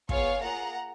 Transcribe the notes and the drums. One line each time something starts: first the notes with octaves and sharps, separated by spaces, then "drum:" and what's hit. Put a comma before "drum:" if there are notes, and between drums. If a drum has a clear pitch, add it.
B3 F4 G#4 C#5 F5, drum: kick
A#3 F4 G#4 F#5 A#5